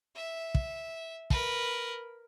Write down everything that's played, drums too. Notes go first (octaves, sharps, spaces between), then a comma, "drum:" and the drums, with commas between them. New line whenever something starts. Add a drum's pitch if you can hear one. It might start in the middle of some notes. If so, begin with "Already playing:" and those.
E5
drum: kick
A#4 B4, drum: kick